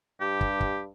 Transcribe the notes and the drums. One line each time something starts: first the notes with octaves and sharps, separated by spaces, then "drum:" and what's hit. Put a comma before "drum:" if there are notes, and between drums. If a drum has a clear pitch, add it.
G2 G4
drum: kick
drum: kick